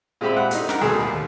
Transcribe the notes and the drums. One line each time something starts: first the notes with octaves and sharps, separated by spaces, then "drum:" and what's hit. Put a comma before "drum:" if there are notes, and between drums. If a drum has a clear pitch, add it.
A#2 G#3 C4 G4 E5 B5
F#5
A3 D#4, drum: hi-hat
A#4 F#5, drum: snare
D2 B2 A3 G#4
D#2